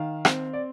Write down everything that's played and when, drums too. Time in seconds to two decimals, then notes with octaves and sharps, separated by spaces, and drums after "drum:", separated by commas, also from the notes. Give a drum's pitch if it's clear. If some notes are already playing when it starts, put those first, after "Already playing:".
Already playing: D#3 F5
0.25 C4, drum: rim click
0.53 D5